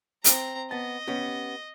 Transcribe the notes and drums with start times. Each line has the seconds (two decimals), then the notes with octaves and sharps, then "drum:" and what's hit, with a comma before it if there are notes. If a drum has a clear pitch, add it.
0.24 C4 A#5, drum: hi-hat
0.71 B3 D#5 A5
1.08 B3 C#4 G4